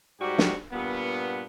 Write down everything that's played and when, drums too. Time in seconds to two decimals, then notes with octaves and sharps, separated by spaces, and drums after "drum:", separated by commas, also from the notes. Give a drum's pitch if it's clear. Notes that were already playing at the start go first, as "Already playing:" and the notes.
0.20 G#2 G3 F#4 G4
0.38 drum: snare
0.72 G2 A#2 B3